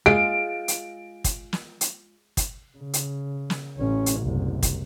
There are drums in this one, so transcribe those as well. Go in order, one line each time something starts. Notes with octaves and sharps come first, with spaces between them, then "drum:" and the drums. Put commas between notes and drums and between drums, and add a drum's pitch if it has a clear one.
G#3 F4 D7
drum: hi-hat
drum: kick, hi-hat
drum: snare
drum: hi-hat
drum: kick, hi-hat
C#3
drum: hi-hat
drum: snare
A1 C#4
drum: hi-hat
F#1 C2
drum: kick, hi-hat